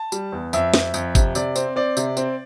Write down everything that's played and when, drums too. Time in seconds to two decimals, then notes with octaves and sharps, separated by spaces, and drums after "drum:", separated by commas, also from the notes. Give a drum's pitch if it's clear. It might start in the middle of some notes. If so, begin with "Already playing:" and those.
Already playing: A5
0.12 G3, drum: tambourine
0.32 E2
0.53 F2 E5, drum: tambourine
0.74 F2, drum: snare
0.94 F2, drum: tambourine
1.15 C3, drum: kick G1, tambourine
1.35 C3 D5, drum: tambourine
1.56 C4, drum: tambourine
1.76 C4 D5
1.97 C3, drum: tambourine
2.17 C4, drum: tambourine